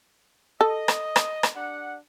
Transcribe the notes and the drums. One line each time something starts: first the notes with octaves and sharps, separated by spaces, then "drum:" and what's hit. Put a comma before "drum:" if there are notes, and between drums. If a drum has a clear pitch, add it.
A4 D#5
drum: rim click
drum: rim click
drum: rim click
D4 G4 F#5